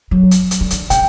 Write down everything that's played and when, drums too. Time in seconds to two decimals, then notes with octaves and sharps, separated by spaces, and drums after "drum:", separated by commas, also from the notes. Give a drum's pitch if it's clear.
0.11 F#3
0.31 drum: hi-hat
0.51 drum: hi-hat
0.61 D3
0.70 drum: hi-hat
0.90 C#3 G5, drum: hi-hat